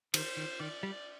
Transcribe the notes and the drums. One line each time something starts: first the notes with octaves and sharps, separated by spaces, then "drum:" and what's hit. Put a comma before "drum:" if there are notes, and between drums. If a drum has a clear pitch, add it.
D#3 C5, drum: cymbal
D#3
D#3 D5
G3